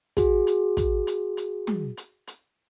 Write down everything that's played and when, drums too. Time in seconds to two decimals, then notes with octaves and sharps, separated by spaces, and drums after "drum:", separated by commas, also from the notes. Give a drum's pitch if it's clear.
0.17 F#4 G#4, drum: kick, hi-hat
0.47 drum: hi-hat
0.77 drum: kick, hi-hat
1.07 drum: hi-hat
1.37 drum: hi-hat
1.67 drum: tom
1.97 drum: hi-hat
2.27 drum: hi-hat